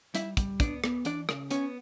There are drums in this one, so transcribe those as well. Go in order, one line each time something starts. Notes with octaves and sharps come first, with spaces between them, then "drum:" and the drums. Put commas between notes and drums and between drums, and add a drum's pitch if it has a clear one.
G3 E4 E5, drum: hi-hat
G3, drum: kick, hi-hat
B3 D4 D5, drum: kick, hi-hat
B3, drum: rim click
E3 D4 D5, drum: hi-hat
C#3, drum: rim click
B3 C#4 C#5, drum: hi-hat